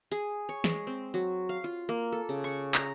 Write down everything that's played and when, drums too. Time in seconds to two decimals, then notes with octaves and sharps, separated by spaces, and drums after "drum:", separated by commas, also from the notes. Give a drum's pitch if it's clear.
0.12 G#4, drum: hi-hat
0.49 C#5
0.64 G#3, drum: snare
0.87 C4
1.14 F#3
1.49 F5
1.64 F4
1.89 A#3
2.12 A4
2.29 C#3
2.44 C#6
2.75 A#5, drum: clap